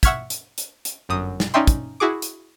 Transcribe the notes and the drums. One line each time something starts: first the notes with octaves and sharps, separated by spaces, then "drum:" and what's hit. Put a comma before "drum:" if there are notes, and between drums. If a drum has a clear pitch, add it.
E5 F#5 C#6 F6 G#6 B6, drum: kick, hi-hat
drum: hi-hat
drum: hi-hat
drum: hi-hat
G1 F#2 D#6
drum: snare
C#4 D#4 D5 E5 G5 C6
drum: kick, hi-hat
E4 F#4 G#4 D6
drum: hi-hat